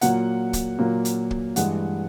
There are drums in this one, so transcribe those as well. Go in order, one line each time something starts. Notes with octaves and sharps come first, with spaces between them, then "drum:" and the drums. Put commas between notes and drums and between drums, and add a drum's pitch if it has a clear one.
A#2 F#3 A#3 F#5, drum: hi-hat
drum: kick, hi-hat
A#2 F#3 A#3
drum: hi-hat
drum: kick
G2 E3 G#3 F#5, drum: hi-hat